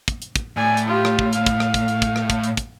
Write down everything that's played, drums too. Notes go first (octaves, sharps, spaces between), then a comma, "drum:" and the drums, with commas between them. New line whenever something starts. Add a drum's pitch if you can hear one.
drum: kick, hi-hat
drum: hi-hat
drum: kick, hi-hat
A2 D5 G#5
drum: hi-hat
F4 G4
drum: rim click
drum: kick
F5, drum: hi-hat
drum: kick, hi-hat
drum: rim click
drum: kick, hi-hat
drum: hi-hat
drum: kick, hi-hat
drum: rim click
drum: kick, hi-hat
drum: hi-hat
drum: kick, hi-hat